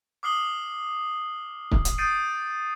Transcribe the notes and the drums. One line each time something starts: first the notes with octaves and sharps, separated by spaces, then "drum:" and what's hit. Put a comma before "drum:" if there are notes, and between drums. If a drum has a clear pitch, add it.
D6 D#6 F6 C7 F#7 G7
drum: kick
drum: hi-hat
D#6 G6 A6 C7 D7 D#7